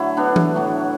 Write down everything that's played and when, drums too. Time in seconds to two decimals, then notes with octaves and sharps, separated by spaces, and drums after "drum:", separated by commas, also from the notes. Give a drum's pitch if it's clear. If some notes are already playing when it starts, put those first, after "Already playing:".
Already playing: D3 F#3 A3 E4
0.17 B3 D4
0.36 drum: tom E3
0.54 A2 F#3 A3